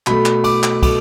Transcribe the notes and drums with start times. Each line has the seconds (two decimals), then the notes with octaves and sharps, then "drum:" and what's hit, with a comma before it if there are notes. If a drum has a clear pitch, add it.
0.07 B2 A3 B5, drum: clap
0.26 drum: clap
0.44 D6, drum: cymbal
0.63 drum: clap
0.82 B2 A3 D6, drum: kick, cymbal